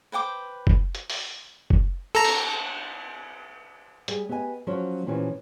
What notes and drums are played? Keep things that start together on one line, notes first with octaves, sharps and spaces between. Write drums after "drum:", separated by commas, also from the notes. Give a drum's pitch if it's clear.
B4 C5 G5 D6
drum: kick F#1
drum: hi-hat
drum: open hi-hat
drum: kick F#1
A4 A#5
drum: cymbal
G3 G#4, drum: hi-hat
B3 G4 D#5 E5 G#5
F3 F#3 C#4 F#4 C#5
A#2 E3 F3 C#4 G4